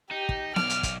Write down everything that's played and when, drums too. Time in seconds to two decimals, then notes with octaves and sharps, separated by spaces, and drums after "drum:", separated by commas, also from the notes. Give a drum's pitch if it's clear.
0.11 D#4 G4
0.29 drum: kick
0.56 B1 D5 F6, drum: snare B3
0.70 drum: hi-hat
0.83 drum: kick, hi-hat